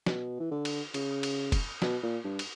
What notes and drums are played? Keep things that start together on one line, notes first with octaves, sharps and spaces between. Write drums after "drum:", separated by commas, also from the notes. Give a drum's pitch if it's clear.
B2, drum: snare
E3
D3
drum: cymbal
C#3, drum: cymbal
drum: cymbal
drum: kick, cymbal
B2, drum: snare
A#2
G2
drum: cymbal